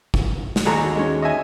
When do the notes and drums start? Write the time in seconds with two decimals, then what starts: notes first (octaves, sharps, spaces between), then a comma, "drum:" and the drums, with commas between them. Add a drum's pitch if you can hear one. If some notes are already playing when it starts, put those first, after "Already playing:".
0.14 drum: kick
0.56 drum: snare
0.65 D#2 G#3 F#4 G#4 A4 A#5
0.95 G#3 C#4
1.22 D#5 E5 G#5